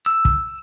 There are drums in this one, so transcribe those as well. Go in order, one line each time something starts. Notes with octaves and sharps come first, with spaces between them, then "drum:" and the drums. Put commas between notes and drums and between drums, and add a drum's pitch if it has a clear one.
E6
drum: kick